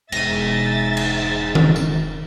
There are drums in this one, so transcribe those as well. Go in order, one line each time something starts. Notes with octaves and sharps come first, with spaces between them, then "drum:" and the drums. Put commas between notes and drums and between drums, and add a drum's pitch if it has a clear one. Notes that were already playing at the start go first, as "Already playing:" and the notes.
E1 G#2 E5 A6 A#6 D#7, drum: cymbal
drum: cymbal
drum: tom D#3
drum: tambourine